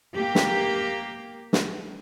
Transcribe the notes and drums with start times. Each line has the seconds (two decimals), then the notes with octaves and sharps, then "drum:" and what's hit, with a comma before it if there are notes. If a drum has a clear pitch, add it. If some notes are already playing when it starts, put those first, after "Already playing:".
0.15 A#3 G4
0.35 drum: snare
1.53 drum: snare